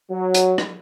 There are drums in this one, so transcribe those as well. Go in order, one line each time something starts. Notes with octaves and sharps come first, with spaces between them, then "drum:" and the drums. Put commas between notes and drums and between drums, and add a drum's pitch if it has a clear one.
F#3
drum: hi-hat
drum: rim click